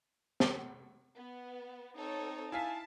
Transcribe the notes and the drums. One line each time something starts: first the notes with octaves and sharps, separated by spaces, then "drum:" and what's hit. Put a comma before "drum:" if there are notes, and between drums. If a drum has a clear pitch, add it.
drum: snare
B3
C4 D#4 A4 C#5
E4 F5 G#5 A5 B6